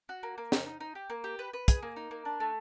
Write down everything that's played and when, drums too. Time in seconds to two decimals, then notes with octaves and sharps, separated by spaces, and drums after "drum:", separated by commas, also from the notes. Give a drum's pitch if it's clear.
0.09 F#4
0.23 A#3
0.38 A#3
0.52 D#4, drum: snare
0.66 D#4
0.81 D#4
0.95 G4
1.10 A#3
1.24 G4
1.39 B4
1.53 B4
1.68 G#4, drum: kick, hi-hat
1.83 A#3
1.96 D#4
2.11 A#3
2.25 D4
2.40 A3